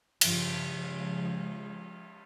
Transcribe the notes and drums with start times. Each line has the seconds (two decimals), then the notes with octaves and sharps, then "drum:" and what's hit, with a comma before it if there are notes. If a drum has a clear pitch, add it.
0.21 G2 C#3 F3, drum: cymbal
0.69 C#3 F3 G#3